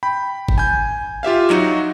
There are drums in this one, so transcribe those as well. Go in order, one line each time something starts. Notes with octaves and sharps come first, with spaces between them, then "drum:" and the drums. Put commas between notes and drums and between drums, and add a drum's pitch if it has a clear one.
G5 B5
drum: kick G1
G#5 G6
F4 G4 E5 F5
F#3 D#4 F#4, drum: clap